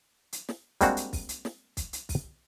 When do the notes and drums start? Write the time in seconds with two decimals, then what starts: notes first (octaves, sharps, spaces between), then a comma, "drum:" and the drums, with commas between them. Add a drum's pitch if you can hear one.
0.33 drum: hi-hat
0.49 drum: snare
0.81 G3 G#3 A#3 C4 D4 F#4, drum: kick, hi-hat
0.97 drum: hi-hat
1.13 drum: kick, open hi-hat
1.29 drum: hi-hat
1.45 drum: snare
1.77 drum: kick, hi-hat
1.93 drum: hi-hat
2.09 drum: kick, open hi-hat